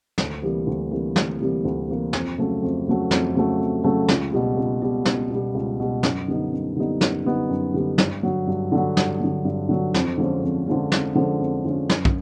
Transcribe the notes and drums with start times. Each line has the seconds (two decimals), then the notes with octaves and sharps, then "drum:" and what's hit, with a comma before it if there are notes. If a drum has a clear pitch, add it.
0.18 D2, drum: snare
0.42 C3 E3 G3 A#3
0.67 D2
0.91 C3 E3 G3 A#3
1.16 D2, drum: snare
1.40 C3 E3 G3 A#3
1.65 D2
1.88 C3 E3 G3 A#3
2.13 F2, drum: snare
2.38 C#3 F#3 A3
2.63 F2
2.87 C#3 F#3 A3
3.11 F2, drum: snare
3.35 C#3 F#3 A3
3.60 F2
3.84 C#3 F#3 A3
4.08 C#2, drum: snare
4.33 B2 G3
4.57 C#2
4.82 B2 G3
5.05 C#2, drum: snare
5.30 B2 G3
5.55 C#2
5.80 B2 G3
6.03 F#2, drum: snare
6.28 D3 G3 B3 D#4
6.53 F#2
6.76 D3 G3 B3 D#4
7.01 F#2, drum: snare
7.26 D3 G3 B3 D#4
7.50 F#2
7.74 D3 G3 B3 D#4
7.98 G2, drum: snare
8.23 D3 F#3
8.47 G2
8.72 D3 F#3
8.97 G2, drum: snare
9.20 D3 F#3
9.45 G2
9.69 D3 F#3
9.94 F2, drum: snare
10.18 D3 F3 G#3 C#4
10.43 F2
10.67 D3 F3 G#3 C#4
10.92 F2, drum: snare
11.15 D3 F3 G#3 C#4
11.40 F2
11.65 D3 F3 G#3 C#4
11.89 F#2, drum: snare
12.05 drum: kick